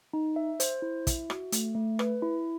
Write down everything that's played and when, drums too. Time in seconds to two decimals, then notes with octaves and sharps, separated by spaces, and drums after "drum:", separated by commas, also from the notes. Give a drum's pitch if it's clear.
0.13 D#4
0.36 E5
0.60 C5, drum: hi-hat
0.82 E4
1.07 E5, drum: kick, hi-hat
1.30 F#4, drum: rim click
1.52 A3, drum: hi-hat
1.75 A3
1.99 B4, drum: rim click
2.22 E4